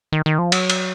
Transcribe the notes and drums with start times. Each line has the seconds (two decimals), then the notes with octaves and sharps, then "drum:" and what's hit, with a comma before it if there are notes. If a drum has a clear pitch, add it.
0.12 D#3
0.26 D#3
0.39 F3
0.52 F#3, drum: cymbal
0.70 drum: cymbal